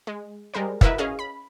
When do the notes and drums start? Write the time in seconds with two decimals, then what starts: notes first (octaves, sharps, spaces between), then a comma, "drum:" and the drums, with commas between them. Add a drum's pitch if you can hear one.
0.07 G#3
0.54 G3 G#3 A#4 C5
0.81 E4 F#4 A#4 B4 D#5 E5, drum: kick
0.98 C#4 G#4 D#5 F5
1.19 B5